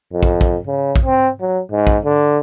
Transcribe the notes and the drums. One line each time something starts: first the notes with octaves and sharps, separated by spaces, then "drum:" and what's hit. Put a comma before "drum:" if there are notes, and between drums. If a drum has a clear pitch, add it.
F2
drum: kick
drum: kick
C#3
drum: kick
C4
F#3
G#2
drum: kick
D3